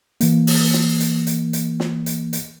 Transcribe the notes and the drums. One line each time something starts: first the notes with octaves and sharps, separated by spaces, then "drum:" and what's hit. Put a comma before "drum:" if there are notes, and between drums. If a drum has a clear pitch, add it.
E3 A#3, drum: hi-hat
drum: open hi-hat
drum: snare
drum: hi-hat
drum: hi-hat
drum: hi-hat
drum: snare
drum: hi-hat
drum: hi-hat